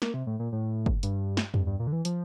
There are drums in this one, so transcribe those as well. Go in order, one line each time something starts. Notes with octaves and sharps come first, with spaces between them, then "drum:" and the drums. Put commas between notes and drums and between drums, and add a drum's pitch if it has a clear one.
A#3, drum: snare
C3
A2
A#2
A2
drum: kick
G2, drum: hi-hat
drum: snare
G2, drum: tom E2
G2
A#2
D3
E3
F3, drum: hi-hat